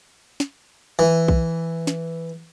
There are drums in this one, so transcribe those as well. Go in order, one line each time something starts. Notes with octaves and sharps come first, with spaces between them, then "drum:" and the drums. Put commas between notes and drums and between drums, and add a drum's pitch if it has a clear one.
drum: snare
E3
drum: kick B1
drum: snare